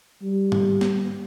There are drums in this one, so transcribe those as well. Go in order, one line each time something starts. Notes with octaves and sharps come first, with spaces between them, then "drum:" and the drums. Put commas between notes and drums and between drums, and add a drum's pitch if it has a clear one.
G3
drum: tom G2
drum: snare